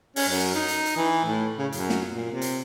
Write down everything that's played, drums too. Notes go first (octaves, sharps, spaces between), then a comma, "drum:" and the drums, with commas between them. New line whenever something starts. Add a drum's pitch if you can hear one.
C#4, drum: open hi-hat
F#2
D#4
drum: hi-hat
drum: hi-hat
E3
A2
C#3
F#2, drum: hi-hat
drum: snare
A#2
C3
drum: hi-hat